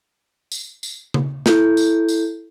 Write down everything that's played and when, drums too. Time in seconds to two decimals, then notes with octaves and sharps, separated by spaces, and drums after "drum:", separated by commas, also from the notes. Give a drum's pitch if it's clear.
0.52 drum: tambourine
0.83 drum: tambourine
1.14 drum: tom C#3
1.46 E4 A4 G6, drum: snare
1.77 drum: tambourine
2.09 drum: tambourine